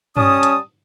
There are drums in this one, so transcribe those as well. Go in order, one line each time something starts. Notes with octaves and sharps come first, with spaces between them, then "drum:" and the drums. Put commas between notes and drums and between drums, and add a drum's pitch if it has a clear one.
G3 C#4 A5 D#6, drum: tom G2
drum: hi-hat